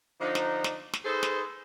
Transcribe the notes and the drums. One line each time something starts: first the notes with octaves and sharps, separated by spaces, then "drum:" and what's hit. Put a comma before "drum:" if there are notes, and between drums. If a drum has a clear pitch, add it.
D3 F3 D4 D#4
drum: snare
drum: snare
drum: snare
D#4 G#4 A4 B4 C5
drum: snare